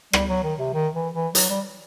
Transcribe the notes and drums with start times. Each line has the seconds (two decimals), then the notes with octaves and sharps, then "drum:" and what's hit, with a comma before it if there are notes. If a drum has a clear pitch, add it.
0.13 G3, drum: rim click
0.29 F#3
0.43 D#3
0.59 C3
0.74 D#3
0.94 E3
1.14 E3
1.35 F#3, drum: hi-hat
1.50 G3